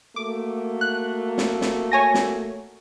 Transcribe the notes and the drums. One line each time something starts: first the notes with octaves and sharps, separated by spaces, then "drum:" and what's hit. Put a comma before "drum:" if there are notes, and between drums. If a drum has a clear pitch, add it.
A3 A#3 F#4 D6
F#6
drum: snare
drum: snare
C#5 G#5 A#6
drum: snare